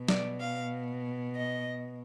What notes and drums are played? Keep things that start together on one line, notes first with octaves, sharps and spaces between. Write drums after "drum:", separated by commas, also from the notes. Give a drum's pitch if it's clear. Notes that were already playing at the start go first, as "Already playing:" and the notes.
Already playing: B2
D5, drum: snare
F5
D#5